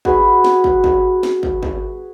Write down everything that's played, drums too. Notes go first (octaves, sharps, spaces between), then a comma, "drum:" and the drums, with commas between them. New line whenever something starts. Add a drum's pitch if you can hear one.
F#4 G#4 B4, drum: kick
drum: snare
drum: kick
drum: kick
drum: snare
drum: kick
drum: kick